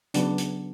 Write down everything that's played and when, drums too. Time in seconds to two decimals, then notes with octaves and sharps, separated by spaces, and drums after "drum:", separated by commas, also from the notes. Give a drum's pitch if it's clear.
0.14 C#3 F#3 B3 D4, drum: hi-hat
0.38 drum: hi-hat